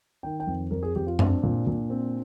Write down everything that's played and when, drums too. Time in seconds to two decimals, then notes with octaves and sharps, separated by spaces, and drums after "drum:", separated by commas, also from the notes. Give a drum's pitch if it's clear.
0.23 D#3 G5
0.40 G5
0.47 F2
0.71 F2 A#4
0.83 G#4
0.95 F2 G4
1.07 F4
1.19 C4 D4, drum: tom F#2
1.43 A#2
1.67 A#2
1.90 C4